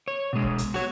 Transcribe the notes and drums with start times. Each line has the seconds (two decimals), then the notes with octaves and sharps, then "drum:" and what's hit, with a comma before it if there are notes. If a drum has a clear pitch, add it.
0.08 C#5
0.33 B2 G#3
0.42 drum: kick
0.58 drum: hi-hat
0.74 F#4 C#5, drum: snare